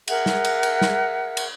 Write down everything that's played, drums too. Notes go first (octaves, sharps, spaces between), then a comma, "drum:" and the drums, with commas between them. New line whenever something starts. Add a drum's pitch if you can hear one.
G#4 A#4 E5 F#5, drum: cymbal
drum: snare
drum: cymbal
drum: cymbal
drum: snare
drum: cymbal